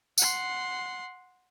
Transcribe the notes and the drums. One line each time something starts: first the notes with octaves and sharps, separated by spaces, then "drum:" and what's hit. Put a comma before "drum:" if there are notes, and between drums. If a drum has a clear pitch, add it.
F#5 C6, drum: tambourine